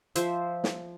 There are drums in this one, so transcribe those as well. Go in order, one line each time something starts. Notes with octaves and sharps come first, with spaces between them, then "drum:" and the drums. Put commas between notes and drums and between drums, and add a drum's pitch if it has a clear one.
F3 C5 E5, drum: hi-hat
drum: snare